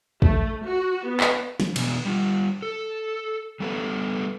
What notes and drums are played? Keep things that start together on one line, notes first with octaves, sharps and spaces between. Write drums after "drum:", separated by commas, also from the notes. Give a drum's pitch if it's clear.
A3, drum: kick
F#4
B3
drum: clap
drum: snare
B2 E3 B3 D4, drum: cymbal
G3 F4
A4
G3 A3 B3 A4 B4 C#5